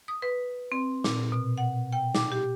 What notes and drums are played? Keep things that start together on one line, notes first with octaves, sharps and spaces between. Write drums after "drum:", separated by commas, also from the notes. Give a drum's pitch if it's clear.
D#6
B4
C4
A#2, drum: snare
B2
F#5
G5
D6, drum: snare
G4